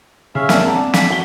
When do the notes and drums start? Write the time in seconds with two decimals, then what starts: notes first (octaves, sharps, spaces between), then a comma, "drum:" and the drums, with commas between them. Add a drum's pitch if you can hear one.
0.35 C#3 C#4 E5 F5 E6
0.49 E1 A#3 C4 E4 A#4 D5 A5, drum: snare
0.67 D4 F#5 A#5
0.94 G#5 B6, drum: snare
1.10 F#4 G7